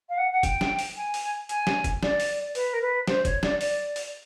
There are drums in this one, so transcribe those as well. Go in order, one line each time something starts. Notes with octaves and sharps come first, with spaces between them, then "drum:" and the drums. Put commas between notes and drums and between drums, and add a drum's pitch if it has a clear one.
F5
F#5
F#5
G5, drum: kick, hi-hat
drum: snare
drum: open hi-hat
G#5
drum: open hi-hat
G#5, drum: hi-hat
drum: snare
drum: kick, hi-hat
D5, drum: snare
drum: open hi-hat
B4, drum: open hi-hat
A#4
B4
C5, drum: snare
C#5, drum: kick, hi-hat
D5, drum: snare
D5, drum: open hi-hat
drum: open hi-hat